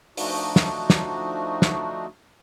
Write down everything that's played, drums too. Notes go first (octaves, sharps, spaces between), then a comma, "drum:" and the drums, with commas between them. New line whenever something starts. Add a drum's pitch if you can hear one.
F3 A3 D4 D#4 F#4, drum: open hi-hat
drum: snare
drum: snare
drum: snare